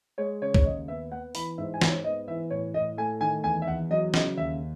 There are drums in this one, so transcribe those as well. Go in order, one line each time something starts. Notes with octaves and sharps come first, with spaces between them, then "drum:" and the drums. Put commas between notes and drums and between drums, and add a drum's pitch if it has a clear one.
G#3 C#5
C#3 C#5
C#5, drum: kick
D#2 D#5
B3 E5
B3 F#5
E3 B5, drum: open hi-hat
G#2 E5
G#5
G#2, drum: snare
C#5
B3 D#5
E3 E5
A2 C#5
A2 D#5
A3 G#5
D#3 G#5
E2 G#5
E5
E2 F#5
F#3 D#5
C#3 D#5, drum: snare
D#2 E5